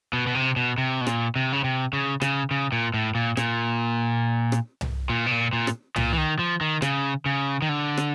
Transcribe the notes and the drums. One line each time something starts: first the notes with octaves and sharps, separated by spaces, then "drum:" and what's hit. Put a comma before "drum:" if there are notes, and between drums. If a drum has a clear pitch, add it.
B2
B2
C3
B2
C3
B2
A#2, drum: rim click
C3
C#3
C3
C#3
C#3, drum: rim click
C#3
A#2
A2
A#2
A#2, drum: rim click
drum: rim click
drum: tom C2
A#2
B2
A#2
A#2
drum: rim click
A#2, drum: tom C2
E3
D#3
F3
D#3
C#3, drum: rim click
C#3
D#3
D3
drum: rim click